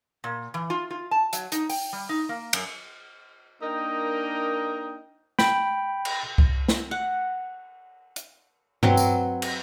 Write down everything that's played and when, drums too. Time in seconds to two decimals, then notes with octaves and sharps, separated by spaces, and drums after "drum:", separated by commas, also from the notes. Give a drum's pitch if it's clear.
0.24 A#2
0.54 E3
0.70 F4
0.91 F4
1.11 A5
1.33 F#3, drum: hi-hat
1.52 D#4, drum: hi-hat
1.69 G5, drum: open hi-hat
1.93 G3
2.09 D#4
2.29 A#3
2.53 F#2, drum: cymbal
3.61 A#3 D4 D#4 A#4 D#5 G5
5.39 G5 B5, drum: snare
6.05 drum: cymbal
6.38 drum: kick C2
6.68 drum: snare
6.91 F#5
8.16 drum: hi-hat
8.83 F#3 C4 B4, drum: tom G2
8.97 drum: tambourine
9.42 drum: cymbal